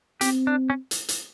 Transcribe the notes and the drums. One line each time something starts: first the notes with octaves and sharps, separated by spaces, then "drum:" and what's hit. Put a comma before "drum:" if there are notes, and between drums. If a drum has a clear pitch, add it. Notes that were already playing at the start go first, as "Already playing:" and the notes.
C4 G4, drum: hi-hat
D4
C#4
drum: hi-hat
drum: hi-hat